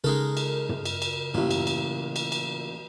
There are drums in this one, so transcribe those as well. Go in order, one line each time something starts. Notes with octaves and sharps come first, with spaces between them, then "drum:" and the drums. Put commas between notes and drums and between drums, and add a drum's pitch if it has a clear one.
C#3 G#3 D#4 A4 A#4 F6
drum: cymbal
drum: tom
drum: cymbal
drum: cymbal
A1 A#2, drum: tom
drum: cymbal
drum: cymbal
drum: cymbal
drum: cymbal